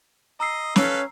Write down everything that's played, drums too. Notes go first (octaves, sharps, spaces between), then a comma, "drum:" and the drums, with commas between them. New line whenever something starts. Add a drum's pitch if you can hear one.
D#5 A#5 E6 C7
C#4 A4 B4 F5, drum: snare